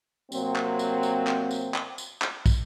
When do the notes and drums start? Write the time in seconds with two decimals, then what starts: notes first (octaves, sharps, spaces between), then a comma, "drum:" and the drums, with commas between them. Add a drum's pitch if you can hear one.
0.32 C3 F#3 A#3 C4, drum: tambourine
0.56 drum: clap
0.79 drum: tambourine
1.03 drum: tambourine
1.27 drum: clap
1.51 drum: tambourine
1.74 drum: clap
1.98 drum: tambourine
2.22 drum: clap
2.46 drum: kick, tambourine